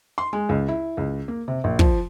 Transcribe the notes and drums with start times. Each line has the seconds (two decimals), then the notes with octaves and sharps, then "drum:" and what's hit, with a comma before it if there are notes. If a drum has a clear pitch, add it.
0.18 C6
0.33 G#3
0.49 C#2
0.68 E4
0.97 C#2
1.28 A#3
1.48 C3
1.64 A#1
1.79 F3, drum: kick